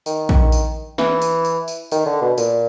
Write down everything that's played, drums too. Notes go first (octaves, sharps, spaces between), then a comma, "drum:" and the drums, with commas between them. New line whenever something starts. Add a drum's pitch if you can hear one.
D#3, drum: tambourine
drum: kick A#1
drum: tambourine
E3, drum: snare
drum: tambourine
drum: tambourine
drum: tambourine
D#3, drum: tambourine
D3
B2
A#2, drum: tambourine